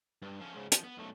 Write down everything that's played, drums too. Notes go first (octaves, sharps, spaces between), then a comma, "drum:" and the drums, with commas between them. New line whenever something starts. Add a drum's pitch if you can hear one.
G2
F3 C#4
G#2 C#3
F3, drum: hi-hat
B3
B1 A3